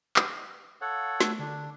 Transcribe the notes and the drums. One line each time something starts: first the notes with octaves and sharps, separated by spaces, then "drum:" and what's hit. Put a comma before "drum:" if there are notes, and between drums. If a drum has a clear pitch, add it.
drum: clap
A4 C#5 F5 F#5
A3, drum: snare
D3 D4